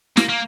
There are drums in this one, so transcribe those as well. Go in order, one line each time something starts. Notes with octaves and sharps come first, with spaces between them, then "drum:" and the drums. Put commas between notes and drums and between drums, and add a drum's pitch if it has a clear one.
A#3, drum: snare
A#3